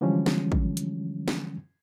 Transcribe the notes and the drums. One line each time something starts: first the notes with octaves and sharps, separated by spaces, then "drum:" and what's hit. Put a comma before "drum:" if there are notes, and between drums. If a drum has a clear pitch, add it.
D3 E3 F3 G3 G#3 C#4
drum: snare
drum: kick
drum: hi-hat
drum: snare